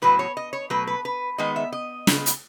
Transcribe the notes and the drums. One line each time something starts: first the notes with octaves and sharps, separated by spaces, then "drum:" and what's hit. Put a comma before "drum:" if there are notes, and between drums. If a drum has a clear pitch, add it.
A2 F#3 B3 B4
C#5
D#5
C#5
B2 F#3 A3 B4
B4
B4
D#3 G#3 B3 D#5
E5
D#5
C#3 G#3 B3, drum: snare
drum: hi-hat